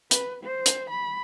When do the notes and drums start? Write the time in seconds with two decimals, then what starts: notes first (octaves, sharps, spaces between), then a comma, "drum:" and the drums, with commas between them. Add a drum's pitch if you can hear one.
0.11 B4, drum: hi-hat
0.44 C5
0.66 drum: hi-hat
0.90 B5